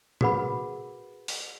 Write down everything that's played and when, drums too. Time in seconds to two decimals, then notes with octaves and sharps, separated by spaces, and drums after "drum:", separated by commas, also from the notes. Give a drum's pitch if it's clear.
0.21 F#4 G#4 A#4 B4 F#5 B5, drum: tom
1.28 drum: open hi-hat